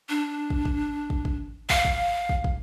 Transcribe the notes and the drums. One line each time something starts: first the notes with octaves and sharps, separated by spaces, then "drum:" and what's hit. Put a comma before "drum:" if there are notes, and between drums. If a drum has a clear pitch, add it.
D4
drum: kick
drum: kick
drum: kick
drum: kick
F5, drum: kick
drum: kick
drum: kick
drum: kick